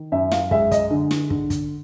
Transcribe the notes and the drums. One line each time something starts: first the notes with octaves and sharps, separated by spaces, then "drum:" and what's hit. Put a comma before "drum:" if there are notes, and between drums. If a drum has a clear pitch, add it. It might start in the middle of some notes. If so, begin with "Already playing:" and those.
Already playing: D#3
F#2 E5
F5, drum: snare
G#3 E5, drum: kick
D#5, drum: kick, hi-hat
D3
drum: snare
D3, drum: kick
drum: kick, hi-hat